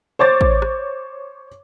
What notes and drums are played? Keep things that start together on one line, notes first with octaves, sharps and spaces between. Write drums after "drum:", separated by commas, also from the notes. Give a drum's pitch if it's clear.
C5 C#5 D6 A6
drum: kick A1
drum: rim click